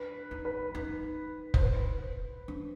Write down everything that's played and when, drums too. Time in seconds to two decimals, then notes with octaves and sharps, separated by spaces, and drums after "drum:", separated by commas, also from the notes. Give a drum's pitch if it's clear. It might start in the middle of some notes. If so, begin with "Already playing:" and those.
Already playing: D4 B4
0.31 D#4
0.45 B4
0.75 D#4
1.54 C5, drum: kick F1
1.61 B4
2.48 D4